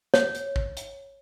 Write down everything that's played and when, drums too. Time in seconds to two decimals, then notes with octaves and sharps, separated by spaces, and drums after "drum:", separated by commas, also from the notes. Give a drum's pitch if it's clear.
0.14 C#5, drum: snare
0.35 drum: hi-hat
0.56 drum: kick A1
0.77 drum: hi-hat